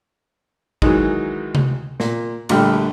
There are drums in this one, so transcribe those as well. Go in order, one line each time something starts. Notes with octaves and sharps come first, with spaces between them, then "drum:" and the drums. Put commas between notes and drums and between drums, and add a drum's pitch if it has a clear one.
D#3 E3 F#3 G#3 D#4, drum: kick G#1
drum: tom C3
A#2, drum: snare
A#1 D3 G3 A3 G5 F6, drum: cymbal